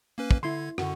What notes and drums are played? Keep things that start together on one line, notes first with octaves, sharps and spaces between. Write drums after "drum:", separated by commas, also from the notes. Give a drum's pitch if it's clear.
A#3 C#4 B4
drum: kick
D3 E4 C6 G#6
F#2 D3 F#4, drum: rim click